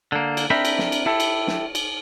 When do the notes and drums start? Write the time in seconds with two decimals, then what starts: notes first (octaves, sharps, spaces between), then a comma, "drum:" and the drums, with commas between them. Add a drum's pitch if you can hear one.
0.12 D3 A#3
0.37 drum: cymbal
0.50 C4 D4 A#4 E5 G5 B5
0.65 drum: cymbal
0.78 drum: snare
0.92 drum: cymbal
1.06 E4 G4 A4
1.20 drum: cymbal
1.47 drum: snare
1.75 drum: cymbal